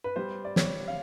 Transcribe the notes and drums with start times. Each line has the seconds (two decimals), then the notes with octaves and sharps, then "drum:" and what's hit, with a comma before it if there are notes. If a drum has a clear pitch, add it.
0.04 B4
0.16 G3 C5
0.45 D5
0.56 G3 C#5, drum: snare
0.88 F5